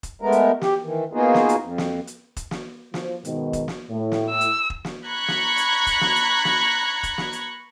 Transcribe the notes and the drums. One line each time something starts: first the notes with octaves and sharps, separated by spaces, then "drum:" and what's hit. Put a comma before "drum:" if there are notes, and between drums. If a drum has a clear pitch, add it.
drum: kick, hi-hat
G#3 A3 B3 A#4
drum: hi-hat
G4, drum: snare
D#3 E3
A#3 B3 D#4 F4 F#4 G#4
drum: snare
drum: hi-hat
F2
drum: snare
drum: hi-hat
drum: kick, hi-hat
drum: snare
F3, drum: snare
G#2 B2 D#3, drum: hi-hat
drum: kick, hi-hat
drum: snare
A2
drum: snare
E6
drum: hi-hat
drum: kick
drum: snare
A#5 B5 C#6 F#6 G#6
drum: snare
drum: hi-hat
drum: kick, hi-hat
drum: snare
drum: hi-hat
drum: snare
drum: kick, hi-hat
drum: snare
drum: hi-hat